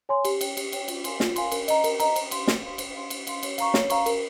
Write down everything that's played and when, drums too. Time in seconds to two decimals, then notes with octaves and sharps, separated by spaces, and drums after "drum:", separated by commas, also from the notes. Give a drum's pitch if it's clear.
0.09 C#5 G#5 C6
0.25 G4, drum: cymbal
0.41 C#5 G5, drum: cymbal
0.57 G4, drum: cymbal
0.72 C#5 G5, drum: cymbal
0.88 F4, drum: cymbal
1.04 A#4 F5 G#5 C6, drum: cymbal
1.20 F4, drum: snare
1.36 A#4 F5 G#5 C6, drum: cymbal
1.52 A#4, drum: cymbal
1.68 D#5 A#5, drum: cymbal
1.84 A#4, drum: cymbal
2.00 D#5 A#5, drum: cymbal
2.16 C5, drum: cymbal
2.31 F5 C6, drum: cymbal
2.47 C5, drum: snare
2.63 F5 C6
2.78 C5, drum: cymbal
2.94 F5 C6
3.10 C5, drum: cymbal
3.27 F5 C6, drum: cymbal
3.43 C#5, drum: cymbal
3.58 F5 A#5 C#6, drum: cymbal
3.74 C#5, drum: snare
3.90 F5 A#5 C#6, drum: cymbal
4.06 A#4, drum: cymbal